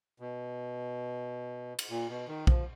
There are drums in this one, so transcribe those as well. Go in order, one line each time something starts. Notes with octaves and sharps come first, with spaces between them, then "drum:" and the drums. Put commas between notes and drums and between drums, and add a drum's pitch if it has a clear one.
B2
drum: cymbal
A#2
B2
D#3
F3, drum: kick B1